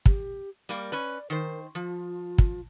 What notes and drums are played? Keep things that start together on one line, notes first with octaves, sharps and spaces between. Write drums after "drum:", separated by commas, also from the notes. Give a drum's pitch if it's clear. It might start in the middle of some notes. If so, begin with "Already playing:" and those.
G4, drum: kick
G3 A#3 D5
C#4 B4
D#3 A#4 C5
F3 F4
drum: kick